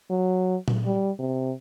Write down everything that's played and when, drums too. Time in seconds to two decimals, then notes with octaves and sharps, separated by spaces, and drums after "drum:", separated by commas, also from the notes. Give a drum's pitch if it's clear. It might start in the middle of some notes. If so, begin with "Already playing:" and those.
0.10 F#3
0.68 drum: tom A#2
0.85 G3
1.19 C3